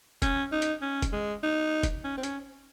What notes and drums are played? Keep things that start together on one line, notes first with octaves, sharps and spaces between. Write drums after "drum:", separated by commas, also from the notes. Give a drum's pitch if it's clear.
C#4, drum: kick F1, hi-hat
D#4
drum: hi-hat
C#4
drum: kick F1, hi-hat
G#3
D#4
drum: kick F1, hi-hat
C#4
C4
C#4, drum: hi-hat